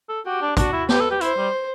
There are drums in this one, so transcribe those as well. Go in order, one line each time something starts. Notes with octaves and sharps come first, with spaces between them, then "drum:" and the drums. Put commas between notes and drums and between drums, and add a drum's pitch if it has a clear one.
A4
F#4 G4
D4
D4 F#4, drum: kick, hi-hat
E4
G4 B4, drum: snare
A4
G4
E4 C5, drum: hi-hat
G3